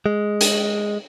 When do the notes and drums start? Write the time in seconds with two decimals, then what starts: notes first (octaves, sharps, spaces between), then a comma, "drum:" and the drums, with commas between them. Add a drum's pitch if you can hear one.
0.06 G#3
0.41 drum: hi-hat